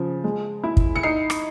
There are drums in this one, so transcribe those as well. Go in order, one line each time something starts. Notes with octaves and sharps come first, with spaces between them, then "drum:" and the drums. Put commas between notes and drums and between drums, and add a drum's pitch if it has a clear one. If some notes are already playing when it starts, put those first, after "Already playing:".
Already playing: C#3 F3
G#3
E4
drum: kick
C#7
D#4 C7
drum: rim click